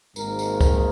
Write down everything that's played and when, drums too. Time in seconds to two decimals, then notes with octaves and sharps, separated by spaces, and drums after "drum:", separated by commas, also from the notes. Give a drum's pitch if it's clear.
0.16 G#1 G#2 D#3 A#3 A#4, drum: tambourine
0.39 drum: tambourine
0.61 A#4, drum: kick, tambourine